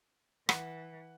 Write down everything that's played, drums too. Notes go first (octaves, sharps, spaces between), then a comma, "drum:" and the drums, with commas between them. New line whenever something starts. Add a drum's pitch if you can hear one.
E3 F#5, drum: rim click